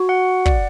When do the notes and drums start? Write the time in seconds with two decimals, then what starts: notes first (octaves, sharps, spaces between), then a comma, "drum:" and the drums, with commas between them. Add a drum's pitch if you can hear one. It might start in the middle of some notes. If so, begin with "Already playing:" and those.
Already playing: F#4
0.09 F#5
0.46 D5, drum: kick